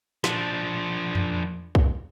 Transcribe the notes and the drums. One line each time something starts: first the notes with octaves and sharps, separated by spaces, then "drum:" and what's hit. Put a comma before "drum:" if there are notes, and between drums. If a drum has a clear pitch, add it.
F3 D4, drum: snare
drum: tom F2
drum: kick